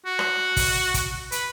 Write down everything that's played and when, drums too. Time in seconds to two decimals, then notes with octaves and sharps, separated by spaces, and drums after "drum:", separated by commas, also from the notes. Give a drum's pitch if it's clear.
0.06 F#4
0.19 drum: rim click
0.57 drum: kick, open hi-hat
0.94 drum: kick, hi-hat
1.32 B4, drum: hi-hat